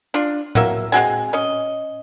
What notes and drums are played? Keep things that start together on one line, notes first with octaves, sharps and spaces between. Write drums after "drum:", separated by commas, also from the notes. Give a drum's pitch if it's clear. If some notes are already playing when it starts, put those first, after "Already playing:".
D4 F4
F#3 A#3 E5, drum: tom A2
G#3 C4 F#4 G#5
C#4 D#5